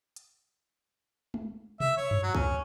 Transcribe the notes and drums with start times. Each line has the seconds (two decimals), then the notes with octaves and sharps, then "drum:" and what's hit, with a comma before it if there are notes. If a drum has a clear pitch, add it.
0.16 drum: hi-hat
1.34 drum: tom G#3
1.80 E5, drum: tom B2
1.97 C#5
2.11 drum: tom F#2
2.23 F#3
2.35 C#4, drum: kick